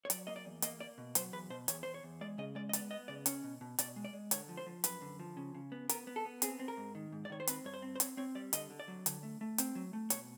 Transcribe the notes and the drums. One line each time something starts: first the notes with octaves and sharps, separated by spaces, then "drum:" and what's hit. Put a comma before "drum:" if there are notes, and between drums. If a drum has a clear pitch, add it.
C#5
F#3 D5, drum: hi-hat
A#3 D#5
D5
E2
A#3 D#5, drum: hi-hat
A#3 D5
B2
F#3 C5, drum: hi-hat
E2 B4
B2 C5
E2 C#5, drum: hi-hat
E2 C5
C#5
E2
G#3 D5
C#3 D#5
G#3 D5
D#5
B3 D5, drum: hi-hat
B3 D#5
C#3 D5
C#4 C#5, drum: hi-hat
B2
B2
B2 D5, drum: hi-hat
G#3
D5
G#3
D3 C#5, drum: hi-hat
F3
C5
F3
F#2 B4, drum: hi-hat
D3
F3
C#3
C#3
B3
B3 A#4, drum: hi-hat
B3
A4
B3
C4 G#4, drum: hi-hat
C4
A#4
G#2
D#3
G#2
D5
D#3 C#5
C5
C4 B4, drum: hi-hat
G2 C#5
C5
C4
C5
C4 C#5, drum: hi-hat
C4 C#5
G3 D5
D3 D#5, drum: hi-hat
D3
D5
F#3
D3, drum: hi-hat
A3
A3
C4, drum: hi-hat
F#3
A3
B2 C#5, drum: hi-hat